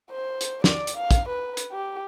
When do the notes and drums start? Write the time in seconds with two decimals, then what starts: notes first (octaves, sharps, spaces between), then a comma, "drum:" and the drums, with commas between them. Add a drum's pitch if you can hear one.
0.11 C5
0.41 drum: hi-hat
0.64 D5, drum: snare
0.87 drum: hi-hat
0.97 F5
1.11 drum: kick, hi-hat
1.29 B4
1.57 drum: hi-hat
1.72 G4